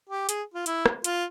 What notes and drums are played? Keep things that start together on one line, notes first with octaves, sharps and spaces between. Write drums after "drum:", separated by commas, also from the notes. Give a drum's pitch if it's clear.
G4
G#4, drum: hi-hat
F4
E4, drum: hi-hat
drum: rim click
F4, drum: hi-hat